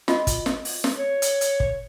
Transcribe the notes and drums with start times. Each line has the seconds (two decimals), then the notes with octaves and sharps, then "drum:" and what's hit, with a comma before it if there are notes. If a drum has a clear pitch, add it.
0.08 F4 F#4 D#5, drum: snare
0.27 drum: kick, hi-hat
0.46 drum: snare
0.65 drum: open hi-hat
0.84 drum: snare
0.98 C#5
1.22 drum: hi-hat
1.41 drum: hi-hat
1.60 drum: kick